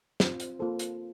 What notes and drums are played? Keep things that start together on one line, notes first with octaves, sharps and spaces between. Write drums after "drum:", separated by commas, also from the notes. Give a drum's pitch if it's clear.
C4 F4 C5, drum: snare
drum: hi-hat
A#3 F4 A4 C5
drum: hi-hat